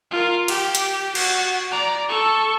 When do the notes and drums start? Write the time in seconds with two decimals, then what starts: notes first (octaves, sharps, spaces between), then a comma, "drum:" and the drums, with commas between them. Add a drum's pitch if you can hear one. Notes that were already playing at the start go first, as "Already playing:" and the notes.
0.11 F4 A#4
0.48 G4, drum: cymbal
0.75 drum: hi-hat
1.15 F#4, drum: cymbal
1.71 D5 A#5
2.09 A4 C#6